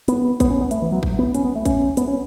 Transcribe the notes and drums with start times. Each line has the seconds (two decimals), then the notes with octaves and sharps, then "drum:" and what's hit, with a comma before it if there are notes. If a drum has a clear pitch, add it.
0.08 B3, drum: hi-hat
0.40 B3, drum: kick A#1, hi-hat
0.50 C#4
0.61 B3
0.71 A3, drum: hi-hat
0.82 E3
0.92 F#3
1.03 drum: kick A#1
1.19 B3
1.35 C#4, drum: hi-hat
1.45 B3
1.55 A3
1.65 C#4, drum: kick A#1, hi-hat
1.97 B3, drum: hi-hat
2.08 C#4